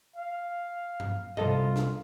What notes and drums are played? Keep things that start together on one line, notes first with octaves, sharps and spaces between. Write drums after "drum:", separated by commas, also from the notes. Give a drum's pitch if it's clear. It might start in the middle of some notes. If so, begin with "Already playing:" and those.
F5
drum: tom G2
C2 F4 A4 D#5, drum: tom G2
drum: snare